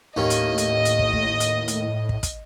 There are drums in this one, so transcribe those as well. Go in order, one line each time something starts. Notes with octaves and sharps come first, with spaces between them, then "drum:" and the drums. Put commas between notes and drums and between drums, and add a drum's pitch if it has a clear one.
D#2 A2 D#3 C#4 D#5
drum: hi-hat
drum: hi-hat
drum: hi-hat
drum: kick
drum: kick
drum: hi-hat
drum: hi-hat
drum: kick
drum: kick, hi-hat